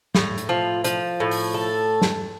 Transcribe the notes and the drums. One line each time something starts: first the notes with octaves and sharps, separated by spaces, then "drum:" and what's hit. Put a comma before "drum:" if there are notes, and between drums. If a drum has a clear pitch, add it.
A2, drum: snare
drum: hi-hat
F3
F3, drum: hi-hat
A2
drum: open hi-hat
A4
drum: snare